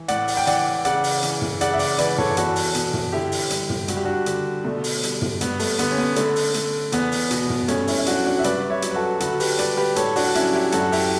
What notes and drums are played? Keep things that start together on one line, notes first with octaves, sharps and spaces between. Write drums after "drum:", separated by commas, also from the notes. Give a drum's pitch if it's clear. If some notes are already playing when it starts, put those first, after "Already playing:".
Already playing: E3
A2 D5 F#5, drum: hi-hat
drum: open hi-hat
G5
E3 D5 F#5, drum: hi-hat
C#3 D5 F#5, drum: hi-hat
drum: open hi-hat
E3, drum: hi-hat
drum: tom
C#3 D5 F#5, drum: hi-hat
E5
D5 F#5, drum: open hi-hat
E3 B4 D5, drum: hi-hat
A4 C#5, drum: tom
E2 F#4 A4, drum: hi-hat
drum: open hi-hat
B2, drum: hi-hat
drum: tom
D3 E4 G4
drum: open hi-hat
G3, drum: hi-hat
drum: tom
G2 F#4, drum: hi-hat
G4
D4 F#4
D3, drum: hi-hat
B2 A3
drum: open hi-hat
G3, drum: hi-hat
drum: tom
G2 B3, drum: hi-hat
A3, drum: open hi-hat
D3 B3, drum: hi-hat
C#4
B3
D3 A3, drum: hi-hat
drum: open hi-hat
A3, drum: hi-hat
E2 B3, drum: hi-hat
drum: open hi-hat
B2, drum: hi-hat
drum: tom
G2 A3 C#4, drum: hi-hat
C#4 E4, drum: open hi-hat
E4
F#3 D4 F#4, drum: hi-hat
D4 F#4
E5
G2 B4 D5, drum: hi-hat
C#5 E5
F#3, drum: hi-hat
B4
F#4 A4
D3 F#4 A4, drum: hi-hat
G4 B4, drum: open hi-hat
G3 B4 D5, drum: hi-hat
G4 B4
A2 A4 C#5, drum: hi-hat
D4 F#4, drum: open hi-hat
F#3 C#4 E4, drum: hi-hat
E4 G4
F#2 F#4 A4, drum: hi-hat
E4 G4, drum: open hi-hat